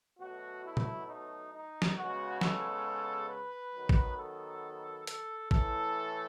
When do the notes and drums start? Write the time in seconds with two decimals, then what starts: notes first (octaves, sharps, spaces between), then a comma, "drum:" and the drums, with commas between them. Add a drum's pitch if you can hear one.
0.20 B2 F#3 A3 F#4
0.65 E4
0.77 drum: tom A#2
1.08 D#4
1.53 D#4
1.82 drum: snare
1.97 C#3 G#3 B3 F#4
2.41 A4, drum: snare
3.29 B4
3.75 D#3 F#3 B3
3.89 drum: kick A1
4.18 A4
5.07 A4, drum: hi-hat
5.51 A2 E3 A3 A4, drum: kick A1